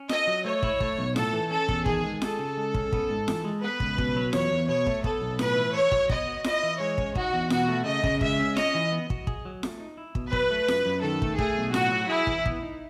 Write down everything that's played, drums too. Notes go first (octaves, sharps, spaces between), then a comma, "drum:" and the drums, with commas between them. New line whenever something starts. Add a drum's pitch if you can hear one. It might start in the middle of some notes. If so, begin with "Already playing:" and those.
Already playing: C#4
A4 D#5, drum: snare
F#3
A3 C#5
E4, drum: kick
A3, drum: kick
B1
A2 A4, drum: snare
E3
C#4 A4
E2, drum: kick
D#3 G#4, drum: kick
G#3
G#4 A4, drum: snare
C#3
G#3
C#4, drum: kick
B3, drum: kick
G#2
E3, drum: snare
G#3
B3 B4
C#2, drum: kick
B2, drum: kick
F#3
E2 C#5, drum: snare
E2
B2 C#5
A3, drum: kick
B3 A4, drum: kick
B1
A2 B4, drum: snare
E3
A4 C#5
F#3, drum: kick
B3 D#5, drum: kick
F#4
E4 D#5, drum: snare
E3
G#3 C#5
C#4, drum: kick
D#4 F#4, drum: kick
E2
B2 F#4, drum: snare
A3
C#3 D#5
C#3, drum: kick
G#3 E5, drum: kick
C#4
C#5 D#5, drum: snare
E3
B3
F#4, drum: kick
G#4, drum: kick
F#3
A3, drum: snare
D#4
E4
B2, drum: kick
F#3 B4, drum: kick
A3
F#2, drum: snare
F#2
D#3 A4
A3, drum: kick
A3 G#4, drum: kick
B1
A2 F#4, drum: snare
F#3
E4 G#4
E3, drum: kick
B3, drum: kick
D#4